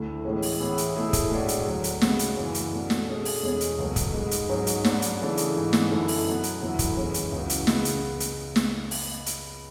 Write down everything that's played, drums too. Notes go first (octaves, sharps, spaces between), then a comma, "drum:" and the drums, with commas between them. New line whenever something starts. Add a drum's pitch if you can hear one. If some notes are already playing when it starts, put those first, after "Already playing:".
Already playing: D2 D3 A3 E4
A2 E3 G#3 C#4
drum: open hi-hat
A2 E3 B3 E4 G#4
drum: hi-hat
B2 A3 E4 G#4
drum: kick, hi-hat
A2 G#3 D4 F#4
drum: hi-hat
D2 D3 F#3
drum: hi-hat
C#3 G#3 B3 F#4, drum: snare
drum: hi-hat
F#2 C#3 E3
drum: hi-hat
B2 A3 D4 F#4
drum: snare
B2 A3 C#4 G#4
drum: open hi-hat
E2 B2 G#3 C#4 G#4
drum: hi-hat
C#2 C#3 F#3 A3
drum: kick, hi-hat
G#2 G#3 B3
drum: hi-hat
G#2 F#3 C#4 G#4
drum: hi-hat
G#2 F#3 B3 D4, drum: snare
drum: hi-hat
C#3 E3 A3 D4 G#4
drum: hi-hat
G#2 E3 G#3
drum: snare
F#2 D3 A3 E4
drum: open hi-hat
B2 F#3 B3
drum: hi-hat
E2 D3 F#3 B3 E4
drum: kick, hi-hat
F#2 E3 G#3 C#4 E4
drum: hi-hat
C#2 C#3 E3 B3 F#4
drum: hi-hat
C#2 C#3 G#3 B3, drum: snare
drum: hi-hat
drum: hi-hat
drum: snare
drum: open hi-hat
drum: hi-hat